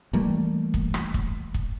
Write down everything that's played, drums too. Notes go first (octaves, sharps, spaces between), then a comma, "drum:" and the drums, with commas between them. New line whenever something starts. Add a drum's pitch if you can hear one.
E3 G3 A3 A#3
drum: kick
drum: rim click
drum: kick
drum: kick